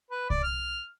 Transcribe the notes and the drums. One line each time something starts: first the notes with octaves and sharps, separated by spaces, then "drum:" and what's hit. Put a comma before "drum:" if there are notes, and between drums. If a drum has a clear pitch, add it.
B4
D5, drum: kick C2
F6